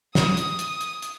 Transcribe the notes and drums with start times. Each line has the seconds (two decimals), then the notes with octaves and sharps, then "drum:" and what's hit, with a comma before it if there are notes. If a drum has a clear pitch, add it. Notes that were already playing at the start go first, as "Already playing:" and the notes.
0.15 D#6, drum: snare
0.37 drum: hi-hat
0.59 drum: hi-hat
0.81 drum: hi-hat
1.02 drum: hi-hat